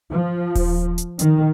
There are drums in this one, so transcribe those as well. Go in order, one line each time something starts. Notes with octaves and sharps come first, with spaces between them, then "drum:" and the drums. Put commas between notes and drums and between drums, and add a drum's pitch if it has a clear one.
F3
drum: kick D#1, open hi-hat
drum: hi-hat
D#3, drum: hi-hat